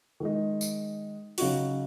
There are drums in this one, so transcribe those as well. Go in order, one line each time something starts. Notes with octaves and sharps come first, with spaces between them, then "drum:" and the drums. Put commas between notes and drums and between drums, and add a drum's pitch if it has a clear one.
D#3 G#3 D#4
drum: tambourine
C#3 F#3 D#4 F#4, drum: open hi-hat